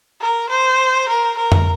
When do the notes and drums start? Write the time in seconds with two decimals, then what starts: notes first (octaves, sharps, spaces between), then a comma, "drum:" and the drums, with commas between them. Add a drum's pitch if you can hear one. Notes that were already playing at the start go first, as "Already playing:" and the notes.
0.21 A#4
0.49 C5
1.08 A#4
1.37 A#4
1.52 drum: tom F2